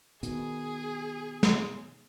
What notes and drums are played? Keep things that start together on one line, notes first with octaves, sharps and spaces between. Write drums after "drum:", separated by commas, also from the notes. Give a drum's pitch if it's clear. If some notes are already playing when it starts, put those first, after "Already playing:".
B2 D#3 G#4, drum: hi-hat
drum: snare